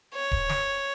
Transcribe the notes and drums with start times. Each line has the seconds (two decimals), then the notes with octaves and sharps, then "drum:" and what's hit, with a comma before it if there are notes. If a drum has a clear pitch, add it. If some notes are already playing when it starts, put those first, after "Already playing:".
0.14 C#5
0.32 drum: kick D1
0.49 drum: snare